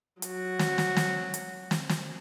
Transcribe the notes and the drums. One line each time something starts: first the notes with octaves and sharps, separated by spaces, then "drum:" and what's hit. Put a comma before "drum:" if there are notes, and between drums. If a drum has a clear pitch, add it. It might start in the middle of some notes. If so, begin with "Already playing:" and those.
F#3 F#4, drum: hi-hat
drum: snare
drum: snare
drum: snare
drum: hi-hat
drum: snare
drum: snare